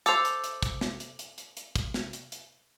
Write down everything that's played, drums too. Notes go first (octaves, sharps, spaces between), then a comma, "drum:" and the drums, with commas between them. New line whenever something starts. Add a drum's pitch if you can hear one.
A4 C5 D6 E6 F7, drum: hi-hat
drum: hi-hat
drum: hi-hat
drum: kick, hi-hat
drum: snare
drum: hi-hat
drum: hi-hat
drum: hi-hat
drum: hi-hat
drum: kick, hi-hat
drum: snare
drum: hi-hat
drum: hi-hat